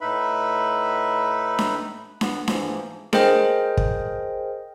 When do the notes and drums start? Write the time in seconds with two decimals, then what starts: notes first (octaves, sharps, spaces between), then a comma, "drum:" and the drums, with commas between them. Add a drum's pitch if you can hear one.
0.01 A2 D#4 B4 E5 B5
1.59 drum: snare D4
2.21 B3, drum: snare D4
2.48 G#2 E3 F3, drum: snare D4
3.13 G#4 A#4 C5 D#5 G5, drum: snare D4
3.77 drum: kick